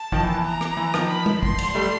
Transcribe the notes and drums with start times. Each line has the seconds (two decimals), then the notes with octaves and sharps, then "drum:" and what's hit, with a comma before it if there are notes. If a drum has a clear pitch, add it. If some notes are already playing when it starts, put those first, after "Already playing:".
Already playing: A5
0.12 D#3 F3, drum: kick G#1
0.23 E3
0.34 E3
0.45 A#5
0.61 drum: rim click
0.77 E3
0.94 D#3 F3, drum: rim click
1.09 B5
1.26 drum: tom G#3
1.43 C6, drum: kick G#1
1.58 drum: cymbal
1.75 G3 A3